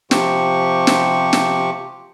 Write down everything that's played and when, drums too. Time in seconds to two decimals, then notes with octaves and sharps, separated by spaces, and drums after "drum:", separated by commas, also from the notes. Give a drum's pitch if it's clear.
0.11 C3 F3 G4 C#6, drum: snare
0.87 drum: snare
1.33 drum: snare